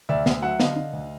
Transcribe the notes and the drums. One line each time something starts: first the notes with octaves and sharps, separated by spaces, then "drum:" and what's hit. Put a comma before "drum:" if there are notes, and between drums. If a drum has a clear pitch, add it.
D2 D5 E5
D2, drum: snare
F#3 E5 F#5
D3 D#5 F5, drum: snare
D3
D2